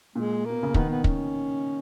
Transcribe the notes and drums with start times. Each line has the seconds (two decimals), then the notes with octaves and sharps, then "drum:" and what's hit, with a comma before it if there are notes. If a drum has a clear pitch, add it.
0.15 A#2 G#3
0.45 B2 A#3
0.63 C#3
0.74 B2 D#3 B3, drum: kick
0.90 B3
1.04 C#4, drum: kick